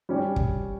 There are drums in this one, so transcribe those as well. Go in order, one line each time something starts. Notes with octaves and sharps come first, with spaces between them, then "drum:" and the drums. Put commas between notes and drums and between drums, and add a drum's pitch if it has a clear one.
G3 C#4 G4
drum: kick